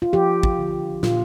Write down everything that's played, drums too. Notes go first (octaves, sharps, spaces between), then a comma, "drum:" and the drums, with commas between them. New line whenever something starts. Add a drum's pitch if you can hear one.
F4
F3 G4
drum: kick
D3
A#2 F4, drum: snare